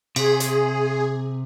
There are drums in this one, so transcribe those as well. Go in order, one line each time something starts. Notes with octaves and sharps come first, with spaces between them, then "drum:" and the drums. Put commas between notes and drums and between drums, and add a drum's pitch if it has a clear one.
C3 G#4, drum: cymbal
drum: hi-hat